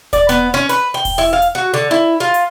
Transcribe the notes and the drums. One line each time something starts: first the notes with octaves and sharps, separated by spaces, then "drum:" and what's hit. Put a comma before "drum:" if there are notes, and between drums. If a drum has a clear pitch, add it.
D5, drum: kick E1, hi-hat
B3, drum: hi-hat
C#4
B4, drum: hi-hat
G5
drum: kick E1, open hi-hat
E4
F5
drum: hi-hat
F#4
D3
E4
F4
drum: hi-hat